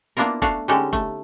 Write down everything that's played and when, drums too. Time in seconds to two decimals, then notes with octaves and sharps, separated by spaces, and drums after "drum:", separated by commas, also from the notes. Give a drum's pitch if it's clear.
0.17 A#3 B3 D4 E4 F4 A#4, drum: hi-hat
0.42 A3 D4 F#4 D5 F5, drum: kick F1, hi-hat
0.68 D3 G#3 C#4 D#4 G4 A4, drum: hi-hat
0.93 A3, drum: kick F1, hi-hat